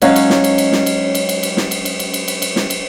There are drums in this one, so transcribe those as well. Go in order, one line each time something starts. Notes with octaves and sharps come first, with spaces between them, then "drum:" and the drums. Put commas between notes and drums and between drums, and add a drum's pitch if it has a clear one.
F#3 G#3 C#4 D#4 C#5 F5, drum: cymbal
drum: cymbal
drum: snare
drum: cymbal
drum: cymbal
drum: snare
drum: cymbal
drum: cymbal
drum: cymbal
drum: cymbal
drum: snare
drum: cymbal
drum: cymbal
drum: cymbal
drum: cymbal
drum: cymbal
drum: cymbal
drum: snare
drum: cymbal